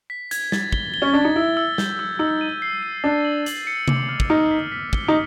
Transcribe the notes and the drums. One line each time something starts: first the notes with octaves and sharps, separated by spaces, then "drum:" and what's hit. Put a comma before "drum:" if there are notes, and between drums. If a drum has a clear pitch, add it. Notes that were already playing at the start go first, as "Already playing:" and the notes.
B6
G#6, drum: hi-hat
A6, drum: snare
G7, drum: kick
G7
C#4
D4 A6
D#4
E4 E6
E6
G6, drum: snare
E6
D#4 E6
D#7
C7
D#7
D4 A6
F#7
F#7, drum: hi-hat
C#7
D6, drum: tom C3
F6
drum: kick
D#4 F6
B6
B6
G7, drum: kick
D#4